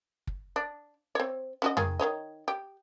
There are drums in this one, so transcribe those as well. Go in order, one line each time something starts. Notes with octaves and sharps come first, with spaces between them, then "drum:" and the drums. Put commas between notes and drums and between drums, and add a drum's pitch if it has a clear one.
drum: kick
D4
C4 C#5
C#4 F#4 D#5
D#3 G#4, drum: tom F2
D#3 C#5 D#5
G4